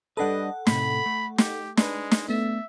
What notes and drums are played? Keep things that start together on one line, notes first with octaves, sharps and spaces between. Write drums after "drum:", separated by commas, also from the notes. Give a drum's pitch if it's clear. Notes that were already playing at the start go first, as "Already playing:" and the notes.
G3 D4 A4 B4 D#5 F#5
A2 C3 B5, drum: snare
A3
G4, drum: snare
G#3 D4 B4, drum: snare
drum: snare
A3 B3 E5